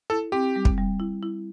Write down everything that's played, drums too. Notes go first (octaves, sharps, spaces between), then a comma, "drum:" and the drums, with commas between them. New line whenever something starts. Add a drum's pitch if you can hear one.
E4 A4
C4 G4
G3
drum: kick
G3
E4
E4